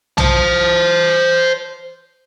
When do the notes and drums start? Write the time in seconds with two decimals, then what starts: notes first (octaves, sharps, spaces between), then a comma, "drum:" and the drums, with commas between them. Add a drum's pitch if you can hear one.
0.18 C5 A5, drum: tom B1